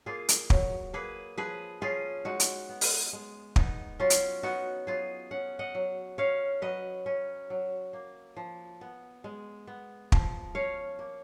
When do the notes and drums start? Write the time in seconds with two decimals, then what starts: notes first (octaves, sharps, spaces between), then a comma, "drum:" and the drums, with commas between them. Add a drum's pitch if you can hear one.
0.06 A#3 F4 G#4
0.29 drum: hi-hat
0.50 F#3, drum: kick
0.93 A#3 G#4 B4
1.38 F3 G#4 B4
1.81 C#4 F4 G#4
2.25 G#3 D#4 F#4
2.40 drum: hi-hat
2.69 B3
2.81 drum: open hi-hat
3.13 G#3
3.56 B3 D#4, drum: kick
3.99 F#3 C#4 F4
4.10 drum: hi-hat
4.43 B3 D#4 F#4
4.87 F#3 F4 G#4
5.31 C#4 F#5
5.59 D#5 F#5
5.75 F#3
6.18 C#4 C#5 F5
6.62 F#3 B4 D#5
7.06 C#4
7.50 F#3
7.93 A#3
8.36 F3
8.81 B3
9.24 G#3
9.67 B3
10.12 F3, drum: kick
10.55 C#4 C#5 F5
10.99 A#3